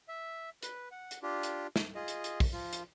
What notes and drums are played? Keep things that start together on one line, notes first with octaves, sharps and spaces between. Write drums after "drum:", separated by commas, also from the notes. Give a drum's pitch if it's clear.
E5
B4, drum: hi-hat
F#5
drum: hi-hat
D4 F4 G4
drum: hi-hat
drum: snare
F4 G#4 D#5
drum: hi-hat
drum: hi-hat
drum: kick, open hi-hat
F3 F4
drum: hi-hat